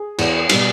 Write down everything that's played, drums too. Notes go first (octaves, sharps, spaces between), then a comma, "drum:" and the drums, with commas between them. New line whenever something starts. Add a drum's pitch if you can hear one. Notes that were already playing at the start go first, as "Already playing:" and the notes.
Already playing: G#4
E2, drum: cymbal
B2 G3, drum: cymbal